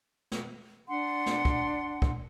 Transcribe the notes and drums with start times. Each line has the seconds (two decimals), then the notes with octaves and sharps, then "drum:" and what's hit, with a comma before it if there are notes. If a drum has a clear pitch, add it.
0.32 drum: snare
0.88 D4 F#5 C6
1.26 drum: snare
1.45 drum: kick
2.02 drum: kick